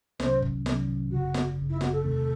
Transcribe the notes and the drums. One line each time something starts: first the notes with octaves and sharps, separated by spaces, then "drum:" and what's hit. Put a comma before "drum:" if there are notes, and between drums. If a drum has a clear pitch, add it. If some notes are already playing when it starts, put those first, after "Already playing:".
C2 C3 D#3 F#3 C#4 C5, drum: snare
drum: kick
C2 C3 D#3 F#3 C#4, drum: snare
G#1 F#2 C#3 F#4
drum: snare
G#1 F#2 C#3
E4
F#4, drum: snare
A4
E2 C3 D#3 A3 C4